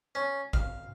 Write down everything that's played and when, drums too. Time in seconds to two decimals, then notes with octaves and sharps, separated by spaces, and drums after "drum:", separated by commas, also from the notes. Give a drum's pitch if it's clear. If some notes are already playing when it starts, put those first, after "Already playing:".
0.15 C#4
0.53 F5, drum: kick